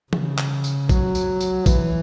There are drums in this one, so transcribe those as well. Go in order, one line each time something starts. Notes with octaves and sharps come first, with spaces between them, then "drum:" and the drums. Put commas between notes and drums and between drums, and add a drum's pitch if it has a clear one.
C#3, drum: tom E3
drum: clap
drum: tambourine
F#3, drum: kick A#1, tambourine
drum: tambourine
drum: tambourine
E3, drum: kick A#1, tambourine